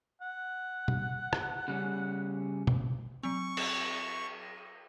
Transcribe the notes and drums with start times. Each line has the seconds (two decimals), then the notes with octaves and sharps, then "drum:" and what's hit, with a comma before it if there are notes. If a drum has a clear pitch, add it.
0.21 F#5
0.88 drum: tom B2
1.33 drum: rim click
1.68 C#3 G3 C#4
2.67 drum: tom B2
3.23 F#3 C4 C#6
3.57 drum: cymbal